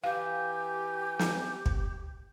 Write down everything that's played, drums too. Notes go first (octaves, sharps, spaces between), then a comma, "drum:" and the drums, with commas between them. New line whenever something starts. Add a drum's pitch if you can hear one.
E3 G4 F5
drum: snare
drum: kick